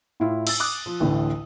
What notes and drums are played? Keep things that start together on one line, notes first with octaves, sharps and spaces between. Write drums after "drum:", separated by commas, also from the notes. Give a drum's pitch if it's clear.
A2 E4 F4
E6 A6, drum: cymbal
D6 D#6 F#6
F3
A1 D2 A2 D3